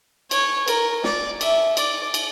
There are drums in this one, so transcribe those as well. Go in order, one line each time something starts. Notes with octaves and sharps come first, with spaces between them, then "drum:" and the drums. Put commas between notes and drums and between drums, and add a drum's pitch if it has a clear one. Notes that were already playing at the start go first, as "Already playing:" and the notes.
C#5, drum: cymbal
A#4, drum: cymbal
D5, drum: snare
E5, drum: cymbal
D5, drum: cymbal
drum: cymbal